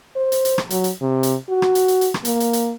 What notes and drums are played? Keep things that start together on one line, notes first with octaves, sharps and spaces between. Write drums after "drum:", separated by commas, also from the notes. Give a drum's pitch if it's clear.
C5
drum: hi-hat
drum: hi-hat
drum: rim click
F#3, drum: hi-hat
drum: hi-hat
C3
drum: hi-hat
F#4
drum: rim click
drum: hi-hat
drum: hi-hat
drum: hi-hat
drum: rim click
A#3, drum: hi-hat
drum: hi-hat
drum: hi-hat